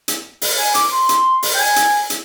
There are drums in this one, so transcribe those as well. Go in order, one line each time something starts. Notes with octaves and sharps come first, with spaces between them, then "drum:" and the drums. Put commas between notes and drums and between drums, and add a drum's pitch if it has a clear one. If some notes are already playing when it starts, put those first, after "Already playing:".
drum: hi-hat
drum: open hi-hat
G#5
D6, drum: hi-hat
C6
drum: hi-hat
drum: open hi-hat
G5
G#5
drum: hi-hat
drum: hi-hat